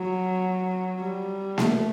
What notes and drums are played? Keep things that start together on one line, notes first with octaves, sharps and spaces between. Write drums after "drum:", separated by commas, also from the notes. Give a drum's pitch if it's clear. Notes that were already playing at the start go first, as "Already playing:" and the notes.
Already playing: F#3
G3
A3, drum: snare A#3